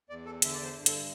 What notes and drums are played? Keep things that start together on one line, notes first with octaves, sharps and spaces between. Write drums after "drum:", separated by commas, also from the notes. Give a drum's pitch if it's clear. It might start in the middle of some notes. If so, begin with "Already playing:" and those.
E2 D5
A4
D3 E5, drum: hi-hat
D5
C5
G2
A4, drum: hi-hat